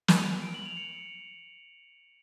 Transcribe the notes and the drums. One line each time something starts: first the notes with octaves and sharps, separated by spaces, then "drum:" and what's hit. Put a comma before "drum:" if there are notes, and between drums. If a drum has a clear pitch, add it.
F7, drum: snare
D7
F#7
F7
C#7